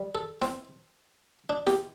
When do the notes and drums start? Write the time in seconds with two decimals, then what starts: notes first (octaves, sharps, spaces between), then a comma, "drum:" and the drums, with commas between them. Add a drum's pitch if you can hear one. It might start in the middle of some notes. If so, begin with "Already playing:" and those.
Already playing: G3
0.15 A4
0.42 C4, drum: snare E4
1.50 D4
1.67 G4, drum: snare E4